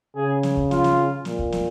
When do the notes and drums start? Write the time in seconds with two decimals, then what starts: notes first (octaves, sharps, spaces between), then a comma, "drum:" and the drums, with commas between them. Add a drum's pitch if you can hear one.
0.16 C#3 G#4
0.43 drum: snare
0.57 drum: kick
0.71 F4, drum: snare
0.84 drum: snare
1.25 A#2, drum: snare
1.39 drum: kick
1.52 drum: snare